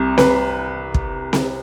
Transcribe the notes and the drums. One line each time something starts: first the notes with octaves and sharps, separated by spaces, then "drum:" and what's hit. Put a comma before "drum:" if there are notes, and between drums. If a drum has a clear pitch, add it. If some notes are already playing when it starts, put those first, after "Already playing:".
Already playing: C2 C3
B4, drum: snare C4
drum: kick
drum: snare C4